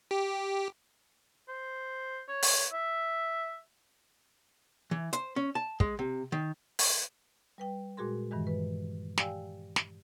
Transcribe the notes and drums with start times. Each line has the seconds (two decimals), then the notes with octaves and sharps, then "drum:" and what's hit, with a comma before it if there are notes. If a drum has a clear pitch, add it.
0.11 G4
1.48 C5
2.29 C#5
2.43 drum: open hi-hat
2.72 E5
4.91 E3
5.13 C5, drum: hi-hat
5.36 C#4
5.55 A5
5.80 G#3, drum: kick
5.99 C3
6.32 D#3
6.79 drum: open hi-hat
7.58 G3 B4 G5
7.97 A#2 G#3 F#4 G#4 A#4 C6
8.31 G2 D#3 E3 G#3
8.47 B4
9.18 G4 D5 F5 G5 G#5 E6, drum: snare
9.76 drum: snare